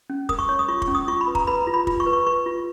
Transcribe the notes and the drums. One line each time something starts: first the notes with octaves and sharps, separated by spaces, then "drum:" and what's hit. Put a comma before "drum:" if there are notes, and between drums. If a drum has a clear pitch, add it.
C#4
A#4 D#6, drum: kick
C#6
C#5 C#6
D#6
F4 C#6
C#6, drum: kick
C#4
D#6
F4 C#6
B5
B4
A#5, drum: kick
B4 B5
F4
B5
F4, drum: kick
C#6
B4
C#6
B4 C#6
F4